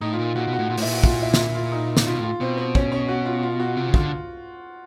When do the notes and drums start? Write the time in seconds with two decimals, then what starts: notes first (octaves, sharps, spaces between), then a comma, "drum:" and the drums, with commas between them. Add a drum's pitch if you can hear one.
0.01 A2 D#4
0.13 F4
0.19 A#2
0.24 F4
0.35 A#2 F#4
0.47 B2
0.53 F#4
0.59 A2
0.70 A#2 F4
0.78 A2, drum: open hi-hat
0.81 E4
0.86 A#2
0.93 F#4
1.04 F4, drum: kick
1.21 E4
1.34 F4, drum: snare
1.37 E4
1.55 F4
1.72 D#4
1.97 drum: snare
2.06 B2 F4
2.18 A2
2.24 F4
2.40 B2 C4
2.57 C4
2.75 C#4, drum: kick
2.92 C#4
3.08 F#4
3.25 F4
3.43 F4
3.60 F#4
3.76 C3 F4
3.88 C#3
3.94 F4, drum: kick
3.99 D3